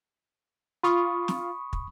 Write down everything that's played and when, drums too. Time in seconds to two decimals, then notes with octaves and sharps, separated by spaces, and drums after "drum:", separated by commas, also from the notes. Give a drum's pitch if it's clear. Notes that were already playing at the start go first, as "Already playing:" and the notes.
0.83 F4 B5 C#6 D#6
1.28 drum: snare
1.73 drum: kick